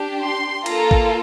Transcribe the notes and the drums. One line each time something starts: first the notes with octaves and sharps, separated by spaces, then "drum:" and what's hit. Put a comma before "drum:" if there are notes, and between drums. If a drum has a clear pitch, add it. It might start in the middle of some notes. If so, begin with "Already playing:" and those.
Already playing: D4 G4
C6
A#3 F4 A4 A#5, drum: cymbal
drum: kick